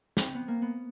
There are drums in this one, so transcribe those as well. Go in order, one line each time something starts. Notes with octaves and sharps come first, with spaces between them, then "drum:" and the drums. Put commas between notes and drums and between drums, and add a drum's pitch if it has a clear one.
C4, drum: snare
B3
A#3
B3